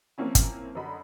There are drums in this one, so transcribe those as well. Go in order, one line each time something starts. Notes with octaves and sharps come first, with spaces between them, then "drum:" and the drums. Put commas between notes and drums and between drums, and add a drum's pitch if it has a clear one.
F3 A#3 C4 C#4 E4
drum: kick, hi-hat
F#2 D3 F#4 D#5 B5